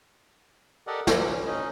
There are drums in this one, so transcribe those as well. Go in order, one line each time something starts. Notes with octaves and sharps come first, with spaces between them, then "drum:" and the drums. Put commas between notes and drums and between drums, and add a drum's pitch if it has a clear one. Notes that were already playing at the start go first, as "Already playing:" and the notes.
G4 A4 A#4 D5 D#5 F#5
D5 E5 G#5 B5, drum: snare
G3 C#4
C#4 D#4 D#5